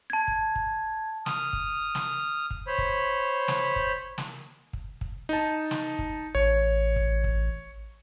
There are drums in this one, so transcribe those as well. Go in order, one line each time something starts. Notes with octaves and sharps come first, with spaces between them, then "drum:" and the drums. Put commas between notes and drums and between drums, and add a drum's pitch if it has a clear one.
A5 G#6
drum: kick
drum: kick
D#6 F6, drum: snare
drum: kick
drum: snare
drum: kick
C5 C#5 B5
drum: kick
drum: snare
drum: kick
drum: snare
drum: kick
drum: kick
D#4 A5
drum: snare
drum: kick
A1 C#5
drum: kick
drum: kick